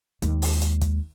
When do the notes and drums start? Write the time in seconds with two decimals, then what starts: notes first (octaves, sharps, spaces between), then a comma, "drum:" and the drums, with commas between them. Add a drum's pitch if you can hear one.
0.22 D#2 G#3, drum: hi-hat
0.42 drum: open hi-hat
0.62 drum: hi-hat
0.81 drum: kick, hi-hat